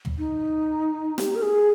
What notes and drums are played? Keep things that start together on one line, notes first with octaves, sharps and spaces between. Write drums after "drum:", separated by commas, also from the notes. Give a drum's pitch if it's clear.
drum: tom
D#4
G4, drum: snare
A#4
G#4